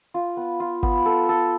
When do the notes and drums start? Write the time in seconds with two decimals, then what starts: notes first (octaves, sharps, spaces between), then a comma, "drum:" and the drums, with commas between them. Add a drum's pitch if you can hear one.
0.14 F4
0.37 B3
0.60 F4
0.83 B3, drum: kick G#1
1.06 A4
1.29 A4